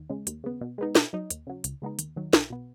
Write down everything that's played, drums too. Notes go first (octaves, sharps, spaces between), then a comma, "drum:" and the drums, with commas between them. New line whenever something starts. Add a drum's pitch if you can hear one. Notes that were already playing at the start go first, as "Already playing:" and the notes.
Already playing: D#2
C#3 G#3
D#2, drum: hi-hat
C#3 B3
B2
G#3 B3 D#4
B2, drum: snare
F#3 D#4
D#2, drum: hi-hat
C#3 F#3
C#2, drum: hi-hat
C#3 G#3 B3 D#4
D#2, drum: hi-hat
D#3 F#3
B1, drum: snare
B2 B3